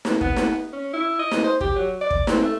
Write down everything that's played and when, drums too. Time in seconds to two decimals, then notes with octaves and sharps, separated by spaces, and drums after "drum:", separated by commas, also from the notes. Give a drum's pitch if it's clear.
0.05 drum: snare
0.21 B3, drum: kick
0.36 drum: snare
0.73 C#4
0.93 E4
1.19 D#5
1.31 drum: snare
1.44 C5
1.61 G4, drum: kick
1.76 F#3
2.01 D5
2.11 drum: kick
2.27 C4, drum: snare
2.42 A3